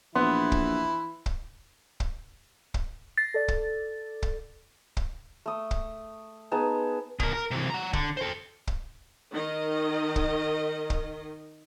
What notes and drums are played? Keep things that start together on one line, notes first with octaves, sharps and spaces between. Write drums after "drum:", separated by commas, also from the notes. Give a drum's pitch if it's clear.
A#1 E3 B3 E4 C6
drum: kick
drum: kick
drum: kick
drum: kick
A6 A#6 C7
A4 D5
drum: kick
drum: kick
drum: kick
A3 D#6
drum: kick
B3 D#4 G#4 A5
B2 A#4, drum: kick
A#4
C3 E3
F#5 A#5
D3, drum: kick
A4 C5
drum: kick
D#3 D#5
drum: kick
drum: kick